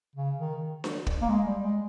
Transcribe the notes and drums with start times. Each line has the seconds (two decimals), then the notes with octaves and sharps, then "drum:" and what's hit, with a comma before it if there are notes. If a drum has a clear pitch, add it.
0.15 C#3
0.38 D#3
0.84 drum: snare D4
1.07 drum: kick
1.22 A#3
1.29 G#3
1.46 G3
1.63 G#3